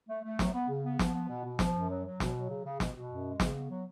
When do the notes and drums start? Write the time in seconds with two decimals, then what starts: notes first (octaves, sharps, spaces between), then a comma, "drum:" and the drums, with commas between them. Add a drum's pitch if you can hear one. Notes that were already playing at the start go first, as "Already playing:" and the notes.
0.09 A3
0.24 A3
0.39 F#3, drum: snare
0.54 B3
0.69 C#3
0.84 B3
0.99 F3, drum: snare
1.14 B3
1.29 B2
1.44 B2
1.59 F3, drum: snare
1.74 F#2
1.90 F#3
2.05 F#3
2.20 B2, drum: snare
2.35 F#3
2.50 C#3
2.65 C#3
2.80 B2, drum: snare
2.96 B2
3.10 F#2
3.25 G#3
3.40 C#3, drum: snare
3.55 B3
3.70 F#3